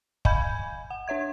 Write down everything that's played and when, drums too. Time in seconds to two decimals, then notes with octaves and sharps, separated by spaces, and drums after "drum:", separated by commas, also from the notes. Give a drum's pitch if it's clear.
0.25 D#5 F5 G#5 B5 G6 G#6, drum: kick
0.90 F#5
1.08 D4 C#5 E5 G#6